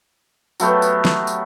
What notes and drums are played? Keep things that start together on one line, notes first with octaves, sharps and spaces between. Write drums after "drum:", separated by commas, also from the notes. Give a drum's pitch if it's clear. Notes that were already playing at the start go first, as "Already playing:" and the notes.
F#3 A3 B3 G4, drum: tambourine
drum: tambourine
drum: snare
drum: tambourine